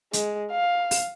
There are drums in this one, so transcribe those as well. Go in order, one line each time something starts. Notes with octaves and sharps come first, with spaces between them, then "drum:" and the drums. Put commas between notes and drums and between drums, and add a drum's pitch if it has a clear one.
G#3, drum: hi-hat
F5
drum: open hi-hat